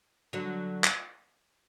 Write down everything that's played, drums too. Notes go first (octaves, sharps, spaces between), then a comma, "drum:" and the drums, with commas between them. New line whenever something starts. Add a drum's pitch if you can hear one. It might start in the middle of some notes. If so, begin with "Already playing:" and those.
D3 F#3
drum: clap